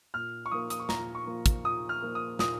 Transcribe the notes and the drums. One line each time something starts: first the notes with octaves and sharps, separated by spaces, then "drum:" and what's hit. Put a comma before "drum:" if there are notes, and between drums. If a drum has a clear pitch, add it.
A#2 F6
C#6
F3 A#3 D#6
D#6, drum: hi-hat
C#6
A#2 A#5, drum: snare
C#6
F3 A#3
drum: kick, hi-hat
A#2 D#6
F6
F3 A#3
D#6
A#2 D#6, drum: snare